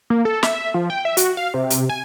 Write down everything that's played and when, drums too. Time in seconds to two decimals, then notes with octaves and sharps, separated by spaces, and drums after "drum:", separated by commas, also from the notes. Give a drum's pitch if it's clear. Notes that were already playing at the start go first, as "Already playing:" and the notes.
0.10 A#3
0.25 A4
0.43 E5, drum: snare
0.74 F3
0.90 G5
1.05 E5
1.17 F#4, drum: hi-hat
1.37 F5
1.54 C3
1.70 drum: hi-hat
1.89 G#5